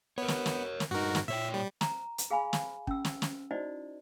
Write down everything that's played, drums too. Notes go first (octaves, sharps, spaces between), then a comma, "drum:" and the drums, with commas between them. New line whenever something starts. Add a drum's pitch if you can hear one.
B3 A#4 C#5
drum: snare
drum: snare
drum: snare
G2 D#4 F#4 A#4
drum: snare
A#2 C#5 E5 G5
G3
A#5, drum: snare
drum: hi-hat
G#4 F5 G#5 B5
drum: snare
C#4 E6, drum: kick
drum: snare
drum: snare
D#4 E4 F#4 C5 D5 D#5